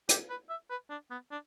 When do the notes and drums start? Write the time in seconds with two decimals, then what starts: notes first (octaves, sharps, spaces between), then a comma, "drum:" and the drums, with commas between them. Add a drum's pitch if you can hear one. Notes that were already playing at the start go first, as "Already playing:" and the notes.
0.09 G4, drum: hi-hat
0.29 B4
0.50 E5
0.70 B4
0.90 D4
1.11 B3
1.31 D4